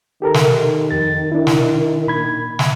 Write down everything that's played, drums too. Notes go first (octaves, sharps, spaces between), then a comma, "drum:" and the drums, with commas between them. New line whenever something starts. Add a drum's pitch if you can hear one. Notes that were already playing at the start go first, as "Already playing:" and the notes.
D#3 G4 A4 A#4
drum: snare
F2 A6
D4 E4
drum: snare
A#2 B5 G#6
drum: snare